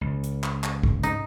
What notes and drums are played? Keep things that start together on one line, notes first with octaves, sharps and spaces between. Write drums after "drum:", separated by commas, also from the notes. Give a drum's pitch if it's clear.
C#2
drum: hi-hat
drum: clap
drum: clap
drum: kick
D#4, drum: hi-hat